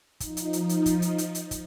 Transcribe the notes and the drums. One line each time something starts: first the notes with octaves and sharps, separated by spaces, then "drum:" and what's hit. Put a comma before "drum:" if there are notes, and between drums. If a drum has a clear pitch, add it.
F3 D#4, drum: kick, hi-hat
drum: hi-hat
drum: hi-hat
drum: hi-hat
drum: kick, hi-hat
drum: hi-hat
drum: hi-hat
drum: hi-hat
drum: kick, hi-hat